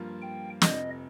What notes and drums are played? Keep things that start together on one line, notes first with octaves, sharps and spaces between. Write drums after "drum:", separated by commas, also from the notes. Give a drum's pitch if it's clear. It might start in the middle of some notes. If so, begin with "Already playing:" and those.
Already playing: G2 F3 A#3 F4
G5
F1 F2 C3 D#5, drum: snare